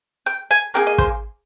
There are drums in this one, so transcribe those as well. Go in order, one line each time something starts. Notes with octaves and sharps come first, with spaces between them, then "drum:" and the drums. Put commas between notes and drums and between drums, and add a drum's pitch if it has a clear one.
G5
G#5
A#3 D#4 G#4 G5
D#5
C5, drum: kick